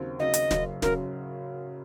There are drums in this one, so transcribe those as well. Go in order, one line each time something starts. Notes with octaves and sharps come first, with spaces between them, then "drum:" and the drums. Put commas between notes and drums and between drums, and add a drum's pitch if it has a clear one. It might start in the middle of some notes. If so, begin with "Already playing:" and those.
Already playing: D#2 C#3 F#3 C4
D#2 C#3 F#3 C4 D#5
drum: hi-hat
F#1 F#2 C#3 F#3, drum: snare
C#3 F#3 A#4, drum: snare